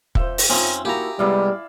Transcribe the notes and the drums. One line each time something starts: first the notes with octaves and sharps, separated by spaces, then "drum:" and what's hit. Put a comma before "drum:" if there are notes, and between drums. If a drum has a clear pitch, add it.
F2 C5 E5, drum: kick
drum: open hi-hat
C4 C#4 D#4 F4 E5
A#3 E4 F#4 G4 G#5 A#5
C3 G3 G#3 B3 E4 D5 F5